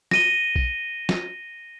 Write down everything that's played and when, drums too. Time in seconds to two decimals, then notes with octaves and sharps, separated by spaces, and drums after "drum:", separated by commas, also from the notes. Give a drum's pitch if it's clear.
0.11 A#6 D#7 G7, drum: snare
0.56 drum: kick A#1
1.09 drum: snare